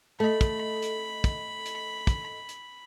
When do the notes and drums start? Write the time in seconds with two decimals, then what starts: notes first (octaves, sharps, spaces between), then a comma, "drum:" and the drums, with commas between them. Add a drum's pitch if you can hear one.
0.20 A3 A4 D#5 B5
0.41 drum: kick, hi-hat
0.82 drum: hi-hat
1.24 drum: kick, hi-hat
1.66 drum: hi-hat
2.07 drum: kick, hi-hat
2.49 drum: hi-hat